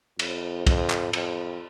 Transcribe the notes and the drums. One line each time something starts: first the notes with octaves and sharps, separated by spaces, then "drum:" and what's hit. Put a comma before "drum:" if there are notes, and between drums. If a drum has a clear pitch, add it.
F2, drum: cymbal
F2, drum: kick, cymbal
drum: clap
F2, drum: cymbal